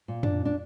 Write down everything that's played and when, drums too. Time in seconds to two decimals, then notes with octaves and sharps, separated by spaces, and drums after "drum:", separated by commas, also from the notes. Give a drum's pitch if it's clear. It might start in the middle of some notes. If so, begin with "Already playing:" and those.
0.08 A#2
0.23 D4, drum: tom
0.45 D4